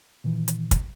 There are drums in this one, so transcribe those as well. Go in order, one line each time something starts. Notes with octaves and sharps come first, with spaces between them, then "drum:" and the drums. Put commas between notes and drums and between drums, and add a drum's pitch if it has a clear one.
A#2 D#3 E3
drum: hi-hat
drum: kick, hi-hat